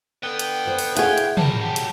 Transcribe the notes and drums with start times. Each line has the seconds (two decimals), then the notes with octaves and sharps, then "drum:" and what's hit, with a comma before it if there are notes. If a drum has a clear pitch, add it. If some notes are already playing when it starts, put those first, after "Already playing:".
0.23 D3 B3 G5
0.39 drum: hi-hat
0.65 C5 F#5
0.79 drum: open hi-hat
0.97 E4 G#4 C#5 F5 F#5, drum: hi-hat
1.18 drum: hi-hat
1.37 G3 A#4 A5, drum: tom
1.61 F#3 G4
1.76 drum: hi-hat